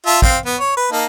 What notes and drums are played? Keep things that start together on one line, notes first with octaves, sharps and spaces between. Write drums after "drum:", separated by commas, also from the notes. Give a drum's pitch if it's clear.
F4 E5 A5
C4 F5, drum: kick
B3
C#5
B4
A#3 D#4 A5